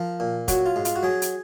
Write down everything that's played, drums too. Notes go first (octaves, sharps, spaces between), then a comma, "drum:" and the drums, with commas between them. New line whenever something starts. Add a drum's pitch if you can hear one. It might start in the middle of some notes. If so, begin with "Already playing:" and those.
Already playing: F3 A#4
A#2
F#3 F#4, drum: kick, hi-hat
F4
G#2
F4, drum: hi-hat
F#4
F#3 G#4
drum: hi-hat